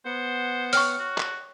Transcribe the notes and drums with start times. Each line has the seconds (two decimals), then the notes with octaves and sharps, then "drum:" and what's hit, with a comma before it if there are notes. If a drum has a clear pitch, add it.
0.06 B3 C5 F#5
0.73 C#5 G5 C#6 F6, drum: open hi-hat
0.99 F#4
1.18 drum: clap